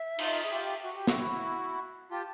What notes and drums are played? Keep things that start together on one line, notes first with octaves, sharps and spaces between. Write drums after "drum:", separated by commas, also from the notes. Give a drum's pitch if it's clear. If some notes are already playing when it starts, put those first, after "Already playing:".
Already playing: E5
D#4 F4, drum: cymbal
G#4
F4 G4
F#4
G4
E4 F#4, drum: snare
F4 G4 A5